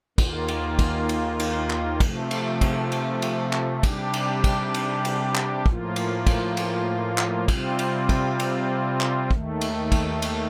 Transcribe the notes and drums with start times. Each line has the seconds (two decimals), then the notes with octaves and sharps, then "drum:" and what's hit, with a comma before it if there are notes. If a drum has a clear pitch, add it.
0.18 D#2 D#3 A#3 F4, drum: kick, cymbal
0.48 drum: cymbal
0.79 drum: kick, cymbal
1.09 drum: cymbal
1.40 drum: cymbal
1.70 drum: clap
2.00 C3 F3 A3, drum: kick, cymbal
2.31 drum: cymbal
2.61 drum: kick, cymbal
2.92 drum: cymbal
3.22 drum: cymbal
3.53 drum: clap
3.83 C3 G3 D4 G4, drum: kick, cymbal
4.14 drum: cymbal
4.44 drum: kick, cymbal
4.74 drum: cymbal
5.05 drum: cymbal
5.35 drum: clap
5.66 A2 F3 A#3 F4, drum: kick
5.96 drum: cymbal
6.27 drum: kick, cymbal
6.57 drum: cymbal
7.18 drum: clap
7.48 C3 G3 C4 F4, drum: kick, cymbal
7.79 drum: cymbal
8.09 drum: kick, cymbal
8.40 drum: cymbal
9.00 drum: clap
9.31 D#2 D#3 A3, drum: kick
9.61 drum: cymbal
9.92 drum: kick, cymbal
10.22 drum: cymbal